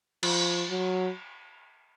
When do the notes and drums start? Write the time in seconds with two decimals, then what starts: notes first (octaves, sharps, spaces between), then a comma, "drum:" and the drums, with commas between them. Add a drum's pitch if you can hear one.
0.23 F3, drum: cymbal
0.69 F#3